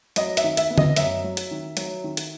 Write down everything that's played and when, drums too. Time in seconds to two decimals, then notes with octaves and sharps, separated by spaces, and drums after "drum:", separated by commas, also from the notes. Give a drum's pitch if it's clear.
0.16 F#3 D#5, drum: hi-hat
0.37 E5, drum: hi-hat
0.44 D#3
0.57 E5, drum: hi-hat
0.70 B3
0.78 D#5, drum: tom D3
0.96 F#2 E5, drum: hi-hat
1.24 F#3
1.37 drum: hi-hat
1.51 D#3
1.77 F#3, drum: hi-hat
2.04 D#3
2.17 drum: hi-hat